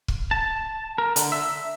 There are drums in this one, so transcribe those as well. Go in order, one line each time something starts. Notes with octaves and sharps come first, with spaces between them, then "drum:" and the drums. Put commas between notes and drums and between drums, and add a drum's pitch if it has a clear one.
drum: kick
A5
A#4
D3, drum: hi-hat
E5